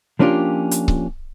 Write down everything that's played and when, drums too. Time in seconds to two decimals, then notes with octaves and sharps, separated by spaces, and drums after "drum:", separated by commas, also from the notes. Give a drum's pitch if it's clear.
0.19 F3 A#3 C#4 D4 F4 G4
0.71 drum: hi-hat
0.88 drum: kick C#1